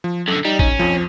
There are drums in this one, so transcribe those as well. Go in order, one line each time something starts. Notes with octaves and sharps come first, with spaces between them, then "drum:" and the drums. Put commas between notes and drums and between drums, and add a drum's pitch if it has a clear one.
F3
F#2 D3 A4
G3 D#4
C#4, drum: kick
F2 F3